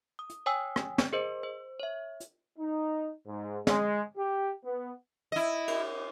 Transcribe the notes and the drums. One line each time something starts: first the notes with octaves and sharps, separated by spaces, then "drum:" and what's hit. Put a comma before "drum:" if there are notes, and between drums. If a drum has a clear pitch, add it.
D#6
drum: hi-hat
C#5 G5 G#5 D#6 E6
drum: rim click
drum: snare
G#4 A#4 C5 D#5
C5
C#5 E5
drum: hi-hat
D#4
G#2
G#3, drum: snare
G4
B3
E4 D#5
drum: cymbal